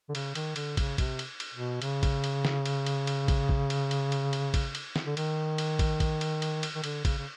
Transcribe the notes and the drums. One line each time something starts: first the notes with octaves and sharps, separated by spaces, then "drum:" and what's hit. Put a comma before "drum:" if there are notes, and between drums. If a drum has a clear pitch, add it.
D3
C#3, drum: cymbal
D#3, drum: cymbal
D3, drum: cymbal
C#3, drum: kick, cymbal
C3, drum: kick, cymbal
drum: cymbal
drum: cymbal
B2
C#3, drum: cymbal
drum: kick, cymbal
drum: cymbal
drum: snare
drum: cymbal
drum: cymbal
drum: cymbal
drum: kick, cymbal
drum: kick
drum: cymbal
drum: cymbal
drum: cymbal
drum: cymbal
drum: kick, cymbal
drum: cymbal
drum: snare
D3
D#3, drum: cymbal
drum: cymbal
drum: kick, cymbal
drum: kick, cymbal
drum: cymbal
drum: cymbal
drum: cymbal
D#3
D3, drum: cymbal
C#3, drum: kick, cymbal
C#3